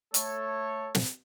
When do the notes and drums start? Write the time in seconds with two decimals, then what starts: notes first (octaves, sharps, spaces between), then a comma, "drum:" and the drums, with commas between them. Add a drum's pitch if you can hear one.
0.14 A3 A4 C#5, drum: hi-hat
0.95 drum: snare